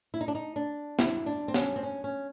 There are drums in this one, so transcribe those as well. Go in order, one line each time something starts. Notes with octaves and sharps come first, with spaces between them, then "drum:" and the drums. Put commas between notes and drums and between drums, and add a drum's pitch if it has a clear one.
E4
D#4
D4
D#4
D4
E4, drum: snare
D4
C4
C#4, drum: snare
C4
C#4
C#4